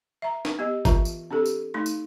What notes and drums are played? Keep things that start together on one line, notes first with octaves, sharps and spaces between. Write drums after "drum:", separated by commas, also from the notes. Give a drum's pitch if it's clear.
E5 A#5
drum: snare
B3 G4 D#5
E3 F4 A#4 E5 A5, drum: kick G1, tambourine
drum: tambourine
C4 D4 G4 A4
drum: tambourine
A3 D#4 C6
drum: tambourine